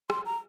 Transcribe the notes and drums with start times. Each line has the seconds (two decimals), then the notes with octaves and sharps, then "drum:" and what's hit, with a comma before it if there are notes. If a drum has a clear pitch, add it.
0.10 C6, drum: rim click
0.26 A#5